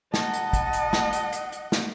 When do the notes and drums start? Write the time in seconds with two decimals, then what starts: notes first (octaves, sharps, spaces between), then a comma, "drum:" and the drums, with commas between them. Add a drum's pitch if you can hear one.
0.14 D#5 F#5 A5, drum: snare
0.33 drum: hi-hat
0.53 drum: kick, hi-hat
0.73 drum: hi-hat
0.93 drum: snare
1.13 drum: hi-hat
1.32 drum: hi-hat
1.52 drum: hi-hat
1.72 drum: snare